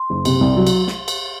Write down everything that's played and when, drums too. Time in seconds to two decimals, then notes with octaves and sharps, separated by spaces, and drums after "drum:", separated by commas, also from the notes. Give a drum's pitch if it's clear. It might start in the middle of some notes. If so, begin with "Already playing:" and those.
Already playing: C6
0.10 F#1
0.25 C3, drum: cymbal
0.41 C2
0.56 F#3
0.67 drum: cymbal
0.87 drum: snare
1.08 drum: cymbal